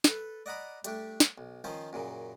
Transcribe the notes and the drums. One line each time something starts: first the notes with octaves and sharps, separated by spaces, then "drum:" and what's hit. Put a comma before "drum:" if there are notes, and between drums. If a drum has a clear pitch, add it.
A4 B4, drum: snare
D5 D#5 F#5 A#5 B5 D6
G3 A3 D4 G4, drum: hi-hat
drum: snare
B1
D#3 F3 C#4 F4 C5
F#2 A#2 C#3